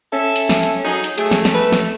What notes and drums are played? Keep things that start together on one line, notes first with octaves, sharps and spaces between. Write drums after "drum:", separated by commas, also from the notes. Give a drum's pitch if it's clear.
C#4 A4 E5
drum: hi-hat
drum: snare
drum: hi-hat
F#3 D#4 G#4
drum: hi-hat
A3 G#4, drum: hi-hat
drum: snare
drum: snare
B4
drum: snare